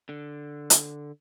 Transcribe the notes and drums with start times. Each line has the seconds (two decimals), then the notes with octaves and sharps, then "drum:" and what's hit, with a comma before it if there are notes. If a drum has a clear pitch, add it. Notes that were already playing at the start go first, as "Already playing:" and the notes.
0.09 D3
0.70 drum: hi-hat